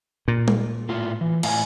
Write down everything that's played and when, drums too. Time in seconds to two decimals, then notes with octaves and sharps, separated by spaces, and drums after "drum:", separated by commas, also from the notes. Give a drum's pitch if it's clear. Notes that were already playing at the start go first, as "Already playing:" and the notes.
0.28 A#2
0.48 drum: tom G3
0.89 A2 A3 F4
1.21 E3
1.43 A2 F5 G#5, drum: cymbal